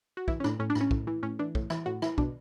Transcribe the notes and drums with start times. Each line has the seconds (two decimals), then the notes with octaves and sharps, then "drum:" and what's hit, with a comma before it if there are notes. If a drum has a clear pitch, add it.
0.17 F#4
0.28 E3 E4, drum: kick
0.40 C#4
0.44 A2 D4, drum: rim click
0.59 A2 C#4
0.70 D4
0.75 A2, drum: rim click
0.81 C#4
0.91 A2, drum: kick
1.07 E3
1.23 A2 C#4
1.39 E3 D4
1.55 A2, drum: kick
1.70 E3 E4, drum: rim click
1.86 A2 F#4
2.02 E3 E4, drum: rim click
2.18 B2 D4, drum: kick